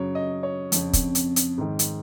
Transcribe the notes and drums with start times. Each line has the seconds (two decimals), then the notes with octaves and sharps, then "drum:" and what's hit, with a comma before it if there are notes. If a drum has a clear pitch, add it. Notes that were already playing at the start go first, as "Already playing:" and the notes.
Already playing: F#2 C#3 C#5
0.15 D#5
0.43 C#5
0.72 F2 C#3, drum: hi-hat
0.93 drum: kick, hi-hat
1.15 drum: hi-hat
1.36 drum: hi-hat
1.58 G#2 D#3
1.79 drum: hi-hat